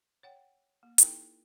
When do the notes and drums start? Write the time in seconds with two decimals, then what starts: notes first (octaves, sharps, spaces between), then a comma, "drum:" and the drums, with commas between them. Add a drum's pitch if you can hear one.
0.23 C#5 F#5 G5
0.83 A#3
0.98 D#4 E4 G#4 A#4 G5 A5, drum: hi-hat